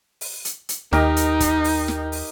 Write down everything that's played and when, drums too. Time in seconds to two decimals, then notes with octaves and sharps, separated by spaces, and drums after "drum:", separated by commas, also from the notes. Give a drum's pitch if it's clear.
0.21 drum: open hi-hat
0.45 drum: hi-hat
0.69 drum: hi-hat
0.93 D#2 D#4 G4 A#4 D#5, drum: snare
1.16 drum: hi-hat
1.40 drum: kick, hi-hat
1.64 drum: open hi-hat
1.88 drum: snare
2.12 drum: open hi-hat